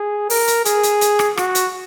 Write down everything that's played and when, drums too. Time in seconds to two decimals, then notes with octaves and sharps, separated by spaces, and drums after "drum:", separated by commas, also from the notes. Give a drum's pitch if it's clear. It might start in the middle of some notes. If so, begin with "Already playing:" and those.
Already playing: G#4
0.30 A#4, drum: open hi-hat
0.47 drum: hi-hat
0.65 G#4, drum: hi-hat
0.83 drum: hi-hat
1.01 drum: hi-hat
1.19 drum: rim click
1.37 F#4, drum: rim click
1.55 drum: hi-hat